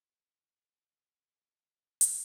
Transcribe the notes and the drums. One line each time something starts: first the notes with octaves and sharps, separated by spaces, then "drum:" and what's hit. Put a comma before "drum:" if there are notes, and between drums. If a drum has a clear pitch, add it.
C4 G#4 C6
E4 A#4 G#5
D#5 F5 F#5
F#4
drum: hi-hat